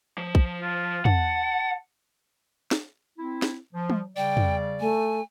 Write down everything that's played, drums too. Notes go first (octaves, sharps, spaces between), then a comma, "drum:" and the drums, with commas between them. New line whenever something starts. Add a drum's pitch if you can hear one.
F3
drum: kick
F4
F#5 A5, drum: tom
drum: snare
C4 E4
drum: snare
F3
drum: tom
C#3 G3 D5 G5
drum: tom
A3 G#5